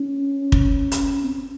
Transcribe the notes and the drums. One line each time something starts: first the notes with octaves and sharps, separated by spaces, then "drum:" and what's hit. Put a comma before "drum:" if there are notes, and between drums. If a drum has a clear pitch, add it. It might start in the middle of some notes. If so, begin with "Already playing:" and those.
Already playing: C#4
drum: kick
drum: hi-hat
C4